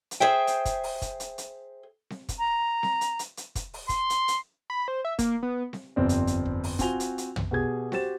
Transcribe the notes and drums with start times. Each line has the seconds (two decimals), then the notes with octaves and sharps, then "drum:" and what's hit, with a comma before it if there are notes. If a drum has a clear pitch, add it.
0.11 drum: hi-hat
0.20 G#4 C5 E5 G5
0.47 drum: hi-hat
0.65 drum: kick, hi-hat
0.84 drum: open hi-hat
1.02 drum: kick, hi-hat
1.20 drum: hi-hat
1.38 drum: hi-hat
2.10 drum: snare C4
2.29 drum: kick, hi-hat
2.39 A#5
2.83 drum: snare C4
3.01 drum: hi-hat
3.19 drum: hi-hat
3.37 drum: hi-hat
3.55 drum: kick, hi-hat
3.74 drum: open hi-hat
3.89 C6, drum: kick, hi-hat
4.10 drum: hi-hat
4.28 drum: hi-hat
4.70 B5
4.88 C5
5.05 E5
5.19 A#3, drum: kick, hi-hat
5.43 B3
5.73 drum: snare C4
5.96 G1 F2 C4 D5
6.09 drum: hi-hat
6.27 drum: hi-hat
6.45 drum: kick
6.64 drum: open hi-hat
6.79 C4 F4 F#4 G#5 F7 G7, drum: kick, hi-hat
7.00 drum: hi-hat
7.18 drum: hi-hat
7.36 drum: tom
7.51 B2 G4 G#4 G#6
7.92 F#4 G4 C5 A6 E7, drum: snare C4